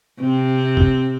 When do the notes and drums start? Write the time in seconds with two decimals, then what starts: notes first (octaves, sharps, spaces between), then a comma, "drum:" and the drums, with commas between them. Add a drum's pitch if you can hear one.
0.21 C3 C4
0.77 drum: kick